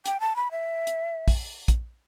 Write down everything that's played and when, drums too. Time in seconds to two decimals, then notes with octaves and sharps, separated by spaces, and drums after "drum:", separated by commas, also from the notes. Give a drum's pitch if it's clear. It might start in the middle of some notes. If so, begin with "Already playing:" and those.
0.06 G5, drum: hi-hat
0.20 A5
0.36 B5
0.51 E5
0.87 drum: hi-hat
1.28 drum: kick, open hi-hat
1.68 drum: kick, hi-hat